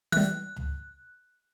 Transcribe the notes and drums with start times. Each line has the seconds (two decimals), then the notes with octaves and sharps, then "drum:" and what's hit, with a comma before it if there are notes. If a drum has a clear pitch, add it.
0.12 E3 G3 F#6, drum: snare
0.56 drum: tom C#2